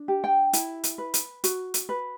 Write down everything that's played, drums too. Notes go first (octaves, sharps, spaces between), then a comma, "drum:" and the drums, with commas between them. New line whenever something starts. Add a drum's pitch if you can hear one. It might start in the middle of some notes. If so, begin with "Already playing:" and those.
Already playing: D4
G4
G5
E4, drum: hi-hat
drum: hi-hat
B4
drum: hi-hat
F#4, drum: hi-hat
drum: hi-hat
B4